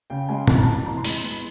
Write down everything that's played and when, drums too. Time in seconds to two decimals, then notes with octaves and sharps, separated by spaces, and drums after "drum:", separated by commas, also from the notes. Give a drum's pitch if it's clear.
0.10 C#3 G5
0.29 G#3 G#5
0.48 E3 A5, drum: tom
0.58 A#5
0.66 F2 A5
0.85 E3 A#5
0.97 C6
1.05 G#3 B5, drum: open hi-hat
1.15 B5
1.23 B3 C6